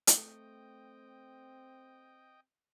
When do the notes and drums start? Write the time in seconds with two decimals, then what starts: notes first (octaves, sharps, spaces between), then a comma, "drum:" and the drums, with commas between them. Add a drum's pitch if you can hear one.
0.07 drum: hi-hat
0.18 A3 C4 D#5 G5